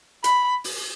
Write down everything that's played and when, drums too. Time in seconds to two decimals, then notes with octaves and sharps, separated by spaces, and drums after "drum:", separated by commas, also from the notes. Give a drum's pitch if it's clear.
0.24 B5, drum: hi-hat
0.64 drum: open hi-hat